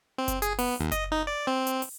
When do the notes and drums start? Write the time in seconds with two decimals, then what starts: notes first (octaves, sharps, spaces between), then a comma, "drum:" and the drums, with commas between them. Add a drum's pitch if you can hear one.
0.18 C4
0.28 drum: kick F#1, hi-hat
0.42 G#4, drum: hi-hat
0.59 B3, drum: open hi-hat
0.80 D#2
0.92 D#5, drum: kick F#1, hi-hat
1.12 D#4
1.27 D5
1.47 C4
1.67 drum: hi-hat
1.82 drum: open hi-hat